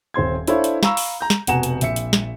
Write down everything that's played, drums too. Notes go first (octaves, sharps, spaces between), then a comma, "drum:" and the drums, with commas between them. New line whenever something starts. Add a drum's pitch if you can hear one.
D#1 C4 C6 G#6
D4 E4 A4 C5 C#5 F5, drum: hi-hat
drum: hi-hat
F5 A#5 B5 C#6 E6, drum: snare
drum: open hi-hat
A#5 G6
drum: snare
F1 B2 F#5 G#5 A#5 E7, drum: hi-hat
drum: hi-hat
A#1 E5 C#7, drum: hi-hat
drum: hi-hat
drum: snare